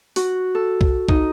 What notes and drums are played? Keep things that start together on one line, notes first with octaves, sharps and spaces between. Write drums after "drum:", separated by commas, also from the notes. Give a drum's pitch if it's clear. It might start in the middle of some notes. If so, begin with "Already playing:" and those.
F#4, drum: open hi-hat
A4
drum: kick
D#4, drum: kick